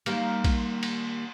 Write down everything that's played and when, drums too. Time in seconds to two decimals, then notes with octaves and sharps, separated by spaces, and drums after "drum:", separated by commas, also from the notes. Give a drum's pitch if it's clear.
0.06 D#3 G3 A#3, drum: cymbal
0.44 drum: kick, cymbal
0.83 drum: cymbal